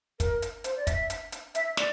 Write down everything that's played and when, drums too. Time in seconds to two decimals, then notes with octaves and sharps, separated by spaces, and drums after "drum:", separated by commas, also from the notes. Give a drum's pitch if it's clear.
0.20 A#4, drum: kick, hi-hat
0.42 drum: hi-hat
0.64 C5, drum: hi-hat
0.76 D5
0.87 E5, drum: kick, hi-hat
1.10 drum: hi-hat
1.32 drum: hi-hat
1.55 E5, drum: hi-hat
1.77 D5, drum: snare